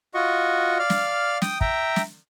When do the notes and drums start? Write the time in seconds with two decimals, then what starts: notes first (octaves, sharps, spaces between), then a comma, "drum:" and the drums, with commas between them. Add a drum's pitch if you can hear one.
0.14 F4 F#4 D#5 C#6
0.79 D5 F5 F6
0.90 drum: snare
1.42 G5 D#6, drum: snare
1.61 E5 G5 A#5, drum: kick
1.96 drum: snare